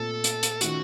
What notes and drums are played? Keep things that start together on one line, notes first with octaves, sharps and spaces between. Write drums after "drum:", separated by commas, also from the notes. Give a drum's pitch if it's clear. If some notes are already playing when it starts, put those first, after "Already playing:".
Already playing: A#2 A3 C4 A4
drum: hi-hat
drum: hi-hat
D#3 A3 C#4 F4 F#4, drum: hi-hat